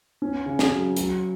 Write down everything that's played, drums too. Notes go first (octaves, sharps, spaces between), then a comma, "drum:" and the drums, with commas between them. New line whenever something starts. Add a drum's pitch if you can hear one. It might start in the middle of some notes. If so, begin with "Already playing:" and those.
C#4
C#3
drum: snare
F#3
F#3, drum: hi-hat